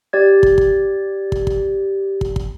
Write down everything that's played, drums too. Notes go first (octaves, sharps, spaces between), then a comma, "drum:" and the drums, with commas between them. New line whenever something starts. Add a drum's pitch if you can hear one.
G4 D5 G#6
drum: kick
drum: kick
drum: kick
drum: kick
drum: kick
drum: kick